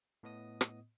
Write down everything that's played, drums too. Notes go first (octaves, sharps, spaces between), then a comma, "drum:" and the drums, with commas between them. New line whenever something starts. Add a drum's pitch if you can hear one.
A2 B3 D#5 D#6
drum: rim click